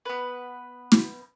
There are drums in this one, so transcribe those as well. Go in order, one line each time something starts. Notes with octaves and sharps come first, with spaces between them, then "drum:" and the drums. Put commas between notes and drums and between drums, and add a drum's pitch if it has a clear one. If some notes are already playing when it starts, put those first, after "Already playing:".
B3 B4
drum: snare